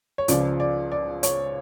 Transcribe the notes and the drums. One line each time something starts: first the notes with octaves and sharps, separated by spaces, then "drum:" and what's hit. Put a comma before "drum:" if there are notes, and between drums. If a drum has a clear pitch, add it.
C#5
C#2 C#3 F3 D5, drum: hi-hat
D5
D5
C#5, drum: hi-hat